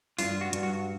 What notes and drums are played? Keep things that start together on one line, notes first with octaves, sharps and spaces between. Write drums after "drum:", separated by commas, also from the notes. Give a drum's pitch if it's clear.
G2 F4, drum: open hi-hat
F#4
G2, drum: hi-hat
F#4